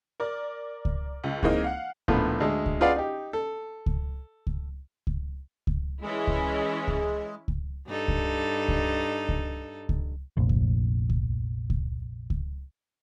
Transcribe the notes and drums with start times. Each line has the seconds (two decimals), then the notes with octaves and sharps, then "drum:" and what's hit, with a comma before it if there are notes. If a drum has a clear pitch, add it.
0.20 A#4 D5
0.85 drum: kick C#2
1.24 C#2
1.43 E3 G#3 A#3 C4 D#4, drum: kick C#2
1.64 F5 F#5
2.08 A#1 A2 D3 B3 F4, drum: kick C#2
2.40 D2 G#3
2.66 drum: kick C#2
2.81 F4 G#4 B4 D5 F5 F#5
2.96 D#4 G4
3.33 A4
3.86 drum: kick C#2
4.47 drum: kick C#2
5.07 drum: kick C#2
5.67 drum: kick C#2
6.02 E3 G#3 C#4 E4
6.27 drum: kick C#2
6.88 drum: kick C#2
7.48 drum: kick C#2
7.87 G2 D#4 A4
8.08 drum: kick C#2
8.68 drum: kick C#2
9.29 drum: kick C#2
9.89 drum: kick C#2
10.37 F1 A#1
10.49 drum: kick C#2
11.10 drum: kick C#2
11.70 drum: kick C#2
12.30 drum: kick C#2